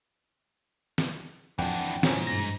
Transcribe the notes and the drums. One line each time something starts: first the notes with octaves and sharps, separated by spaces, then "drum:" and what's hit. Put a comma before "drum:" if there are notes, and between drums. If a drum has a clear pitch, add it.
drum: snare
F2 E3 F3 D4 F#5 G5
G#2 B2 E3 F3 C#4, drum: snare
G2 A#6